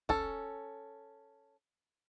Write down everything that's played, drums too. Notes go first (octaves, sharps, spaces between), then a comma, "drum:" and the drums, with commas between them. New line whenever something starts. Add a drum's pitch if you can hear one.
C#4 A4, drum: kick